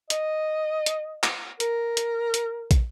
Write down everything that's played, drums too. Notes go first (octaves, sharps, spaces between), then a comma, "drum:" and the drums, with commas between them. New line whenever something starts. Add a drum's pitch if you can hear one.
D#5, drum: hi-hat
drum: hi-hat
drum: clap
A#4, drum: hi-hat
drum: hi-hat
drum: hi-hat
drum: kick, hi-hat